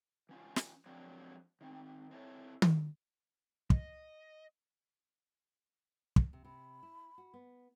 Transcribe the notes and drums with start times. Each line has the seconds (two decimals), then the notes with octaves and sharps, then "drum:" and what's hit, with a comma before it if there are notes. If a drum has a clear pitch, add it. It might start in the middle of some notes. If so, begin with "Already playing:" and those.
0.29 E3 C#4 F4
0.56 drum: snare
0.86 F3 F#3 G#3 A#3 C4 D4
1.61 D#3 C4
2.11 C4 C#4 E4 A4 C#5
2.62 drum: tom D#3
3.70 D#5, drum: kick
6.16 drum: kick
6.33 C3
6.45 C3 B5
6.83 E4
7.18 F#4
7.34 B3